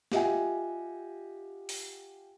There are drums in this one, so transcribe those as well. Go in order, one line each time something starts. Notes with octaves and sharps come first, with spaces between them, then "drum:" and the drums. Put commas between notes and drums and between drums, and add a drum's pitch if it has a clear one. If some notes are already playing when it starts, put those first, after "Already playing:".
F4 G4 D#5 E5 F#5 G#5, drum: snare
drum: open hi-hat